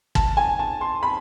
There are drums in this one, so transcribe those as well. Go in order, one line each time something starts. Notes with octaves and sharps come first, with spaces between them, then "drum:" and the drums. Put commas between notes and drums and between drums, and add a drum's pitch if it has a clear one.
A5, drum: kick
G#5
A5
C6
B5